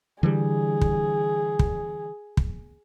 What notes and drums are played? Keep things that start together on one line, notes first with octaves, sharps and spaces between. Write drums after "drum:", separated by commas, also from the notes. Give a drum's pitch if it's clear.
D3 E3 G3 G#4
drum: kick
drum: kick
drum: kick